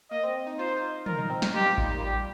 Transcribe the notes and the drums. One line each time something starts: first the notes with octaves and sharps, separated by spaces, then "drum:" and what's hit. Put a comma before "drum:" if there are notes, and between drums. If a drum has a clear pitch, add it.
A#3 D#5
C4
D#4
F4 C5
D#4
F4
F4 A#4, drum: tom
D#4
C4
D#4, drum: snare
F4 G4
F4
D#4, drum: kick G#1
G3
A#3
G3 G4